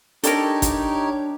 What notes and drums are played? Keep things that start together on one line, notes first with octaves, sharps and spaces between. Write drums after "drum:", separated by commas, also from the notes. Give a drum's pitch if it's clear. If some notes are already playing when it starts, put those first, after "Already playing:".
D4 D#4 G4 A4 A#4 C#5, drum: hi-hat
drum: kick G#1, hi-hat